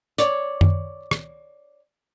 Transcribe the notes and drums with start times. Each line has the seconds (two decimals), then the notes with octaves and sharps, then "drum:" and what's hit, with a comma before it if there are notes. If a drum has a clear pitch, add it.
0.18 C#5 D5, drum: hi-hat
0.61 drum: tom F#2
1.11 drum: rim click